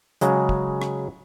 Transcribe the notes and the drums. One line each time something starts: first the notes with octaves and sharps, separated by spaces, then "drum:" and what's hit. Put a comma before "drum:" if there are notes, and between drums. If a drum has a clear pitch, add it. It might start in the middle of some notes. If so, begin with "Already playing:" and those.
C#3 F#3 G#3, drum: hi-hat
drum: kick
drum: rim click